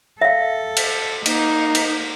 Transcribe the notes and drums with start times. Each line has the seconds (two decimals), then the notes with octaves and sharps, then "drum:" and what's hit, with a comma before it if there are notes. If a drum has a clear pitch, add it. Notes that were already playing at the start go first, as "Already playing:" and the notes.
0.22 A4 E5 F5
0.77 drum: cymbal
1.26 A#3 D#4, drum: cymbal
1.75 drum: cymbal